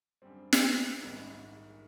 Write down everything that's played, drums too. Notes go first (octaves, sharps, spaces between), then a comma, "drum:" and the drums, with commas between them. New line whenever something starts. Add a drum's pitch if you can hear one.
F#2 D3 G3 C4
drum: snare
A#1 G#2 D#3 G3 A#3